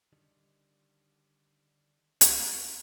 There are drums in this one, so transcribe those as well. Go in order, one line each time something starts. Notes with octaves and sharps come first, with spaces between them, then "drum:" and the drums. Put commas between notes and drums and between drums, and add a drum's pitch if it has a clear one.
D3 D#3 G3
drum: hi-hat